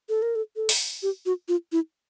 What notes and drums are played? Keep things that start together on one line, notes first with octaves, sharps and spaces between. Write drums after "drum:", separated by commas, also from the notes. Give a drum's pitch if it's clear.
A4
A#4
A4
A4
drum: open hi-hat
G4
F#4
F4
E4